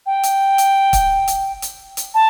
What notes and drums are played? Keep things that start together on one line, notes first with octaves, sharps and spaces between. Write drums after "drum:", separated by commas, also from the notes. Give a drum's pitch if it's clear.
G5
drum: hi-hat
drum: hi-hat
drum: kick, hi-hat
drum: hi-hat
drum: hi-hat
drum: hi-hat
A5